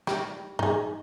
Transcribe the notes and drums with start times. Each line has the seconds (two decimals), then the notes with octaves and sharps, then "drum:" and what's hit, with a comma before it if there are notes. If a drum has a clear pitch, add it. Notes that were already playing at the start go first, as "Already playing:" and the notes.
0.07 G3, drum: snare
0.59 D#4 G#4, drum: tom G2